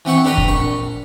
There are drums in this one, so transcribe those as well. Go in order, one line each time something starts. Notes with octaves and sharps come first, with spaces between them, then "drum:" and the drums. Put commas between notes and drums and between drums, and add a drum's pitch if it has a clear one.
E3 C4 F#5 C#6
D4 G4 B4 G5 A#5
drum: kick
A#1 C#6